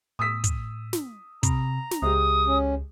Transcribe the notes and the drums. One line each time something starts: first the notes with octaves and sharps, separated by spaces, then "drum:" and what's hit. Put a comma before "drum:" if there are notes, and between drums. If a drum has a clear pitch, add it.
A2 D#6 E6 B6
drum: kick, hi-hat
drum: snare
C3 A#5, drum: kick, hi-hat
drum: snare
C#2 G#3 G4 D#6
C#4